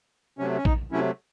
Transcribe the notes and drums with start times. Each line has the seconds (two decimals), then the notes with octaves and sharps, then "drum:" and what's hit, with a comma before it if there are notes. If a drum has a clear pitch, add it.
0.39 C3 F#3 A3 C#4
0.57 C#4
0.65 D#4, drum: kick A#1
0.92 C3 F#3 A3 C#4 E4